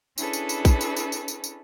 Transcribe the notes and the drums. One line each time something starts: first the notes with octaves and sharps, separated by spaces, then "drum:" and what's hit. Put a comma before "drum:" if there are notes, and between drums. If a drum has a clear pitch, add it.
C#4 D4 E4 G#4 A4 B4, drum: tambourine
drum: tambourine
drum: tambourine
drum: kick, tambourine
drum: tambourine
drum: tambourine
drum: tambourine
drum: tambourine
drum: tambourine